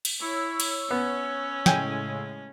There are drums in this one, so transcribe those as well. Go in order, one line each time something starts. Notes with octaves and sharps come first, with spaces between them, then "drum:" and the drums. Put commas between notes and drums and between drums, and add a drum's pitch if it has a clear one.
drum: cymbal
E4 C#5 E6
drum: cymbal
B3 C#4
A2 C#3 G#3 G5 G#5, drum: snare